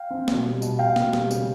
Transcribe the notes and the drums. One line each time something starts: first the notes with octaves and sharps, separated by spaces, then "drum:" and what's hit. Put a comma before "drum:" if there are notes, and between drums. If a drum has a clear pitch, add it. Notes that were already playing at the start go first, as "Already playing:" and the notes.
Already playing: F5 G5
C4
B2, drum: snare
G3
B2, drum: tambourine
B2 F5 G5
B2, drum: snare
G3, drum: snare
C#3, drum: tambourine